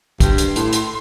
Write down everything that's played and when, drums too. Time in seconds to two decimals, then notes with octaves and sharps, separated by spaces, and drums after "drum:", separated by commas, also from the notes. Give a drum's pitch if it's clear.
0.20 G2 C6, drum: kick, hi-hat
0.38 drum: hi-hat
0.56 A2, drum: hi-hat
0.73 drum: hi-hat